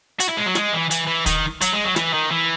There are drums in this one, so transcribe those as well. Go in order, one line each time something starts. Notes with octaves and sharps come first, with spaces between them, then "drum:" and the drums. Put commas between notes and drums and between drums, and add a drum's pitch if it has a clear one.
F#4, drum: hi-hat
E4
G#3
F#3
G#3, drum: snare
E3
E3, drum: hi-hat
E3
D#3, drum: kick, hi-hat
F#3, drum: hi-hat
G#3
F#3
E3, drum: snare
D#3
E3